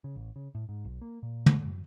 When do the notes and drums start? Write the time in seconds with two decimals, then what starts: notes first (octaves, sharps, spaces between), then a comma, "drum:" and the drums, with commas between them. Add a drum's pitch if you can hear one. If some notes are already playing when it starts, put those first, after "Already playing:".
0.04 C#3
0.16 A1
0.36 C#3
0.55 A2
0.69 G#2
0.85 B1
1.01 A#3
1.23 A#2
1.46 D3, drum: tom
1.65 F#2